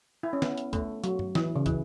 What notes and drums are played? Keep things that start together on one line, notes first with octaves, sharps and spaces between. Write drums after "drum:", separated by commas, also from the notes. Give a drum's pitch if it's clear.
E4
C#4
B3, drum: snare
drum: hi-hat
A3, drum: kick, hi-hat
F#3, drum: hi-hat
drum: tom
E3, drum: snare
C#3
E3, drum: kick, hi-hat